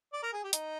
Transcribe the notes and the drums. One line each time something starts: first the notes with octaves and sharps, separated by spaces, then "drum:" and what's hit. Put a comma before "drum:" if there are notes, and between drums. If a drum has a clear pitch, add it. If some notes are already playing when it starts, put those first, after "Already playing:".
D5
A#4
G#4
G4
D#4, drum: hi-hat